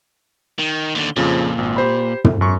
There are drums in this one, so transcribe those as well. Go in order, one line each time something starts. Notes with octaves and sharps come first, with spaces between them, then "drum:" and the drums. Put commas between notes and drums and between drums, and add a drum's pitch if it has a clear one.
D#3
D#2 D3
F2 A#2 C#3 F3
G#1
G4 C5 B5
drum: tom
F#2 C#6